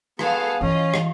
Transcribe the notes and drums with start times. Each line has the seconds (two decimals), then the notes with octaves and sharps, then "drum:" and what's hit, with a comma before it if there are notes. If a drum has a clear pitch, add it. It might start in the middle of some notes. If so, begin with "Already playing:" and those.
0.19 B3 G#4 A4 F5, drum: rim click
0.61 E3 C#4 F4 D#5 A#5
0.94 drum: rim click